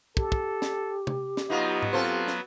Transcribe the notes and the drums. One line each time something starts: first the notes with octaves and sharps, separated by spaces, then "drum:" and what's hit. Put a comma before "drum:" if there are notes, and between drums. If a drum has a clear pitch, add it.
G4 A4, drum: kick
drum: kick
drum: snare
drum: tom
drum: snare
F#3 B3 D#4 F4 D#5
drum: tom G#2
C4 F4 A4 C5
drum: snare